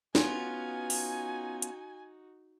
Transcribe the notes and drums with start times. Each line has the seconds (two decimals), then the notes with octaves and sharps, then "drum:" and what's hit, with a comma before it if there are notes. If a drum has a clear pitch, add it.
0.15 B3 C#4 D#4 F4 F#4 G#5, drum: snare
0.90 drum: open hi-hat
1.62 drum: hi-hat